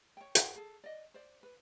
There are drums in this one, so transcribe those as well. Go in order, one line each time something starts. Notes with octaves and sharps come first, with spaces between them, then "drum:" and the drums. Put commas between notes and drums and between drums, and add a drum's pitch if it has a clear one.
C#5 G5
G#4 F#5 G5, drum: hi-hat
G#4 A4
D5 D#5
C5 D5
B4